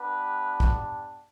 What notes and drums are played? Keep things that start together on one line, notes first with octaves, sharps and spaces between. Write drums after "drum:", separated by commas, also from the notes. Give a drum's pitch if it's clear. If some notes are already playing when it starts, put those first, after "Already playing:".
Already playing: B3 D4 G4 B4
drum: kick